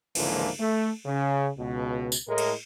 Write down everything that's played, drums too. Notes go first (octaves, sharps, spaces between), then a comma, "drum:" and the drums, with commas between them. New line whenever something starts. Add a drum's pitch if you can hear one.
C#2 G#2 D3 E3 F3 A#3, drum: cymbal
A3
C#3
C#2 B2
drum: tambourine
A2 G#3 A#4
drum: cymbal